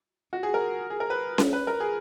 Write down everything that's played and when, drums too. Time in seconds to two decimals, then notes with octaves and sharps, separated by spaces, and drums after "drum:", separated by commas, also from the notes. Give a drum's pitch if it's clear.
0.33 F#4
0.43 G#4
0.54 A#4
0.90 G#4
1.00 A#4
1.10 B4
1.38 drum: snare C#4
1.53 B4
1.67 A#4
1.80 G#4